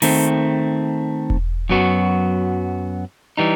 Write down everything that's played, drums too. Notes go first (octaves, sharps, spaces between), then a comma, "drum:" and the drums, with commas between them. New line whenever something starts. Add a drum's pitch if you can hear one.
D#3 A3 C4, drum: open hi-hat
drum: kick E1
F#2 F#3 B3 F#4
E3 G3 D#4